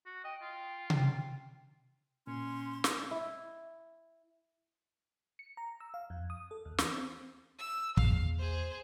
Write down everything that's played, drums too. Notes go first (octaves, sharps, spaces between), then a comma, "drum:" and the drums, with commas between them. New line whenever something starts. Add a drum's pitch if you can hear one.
F#4
D#5 G5
F4
drum: tom C3
A#2 C#4 C6
drum: snare
E4
C#7
A#5
E6
F5
F2
D#6
A4
D#2
E3, drum: snare
C4
E6
E2 F5, drum: kick
G#4 C5